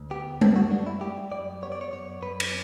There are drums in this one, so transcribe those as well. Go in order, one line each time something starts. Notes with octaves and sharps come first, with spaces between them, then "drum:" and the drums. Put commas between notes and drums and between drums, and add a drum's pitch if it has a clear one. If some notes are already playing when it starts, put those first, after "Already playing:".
Already playing: D2
B3 G4
F#2 A4, drum: tom G3
F#4
G3 D4
E4
G3 G4
F#2 D5
B3 C#5
D5
C#5
F#2 C#5
F#2 B4
drum: cymbal